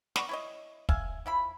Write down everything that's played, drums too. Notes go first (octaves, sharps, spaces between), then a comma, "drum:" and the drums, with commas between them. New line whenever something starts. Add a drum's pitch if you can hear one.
B3 D5 A#5 C#6, drum: snare
E4 C#5 D#5
E5 F5 G#5, drum: kick
F3 E4 B5